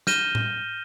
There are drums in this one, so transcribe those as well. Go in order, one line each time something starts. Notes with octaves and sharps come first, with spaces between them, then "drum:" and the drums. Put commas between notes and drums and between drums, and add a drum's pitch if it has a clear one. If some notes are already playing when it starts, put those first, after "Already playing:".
F6 G6 A#6 D#7 E7 G7, drum: snare
drum: tom A2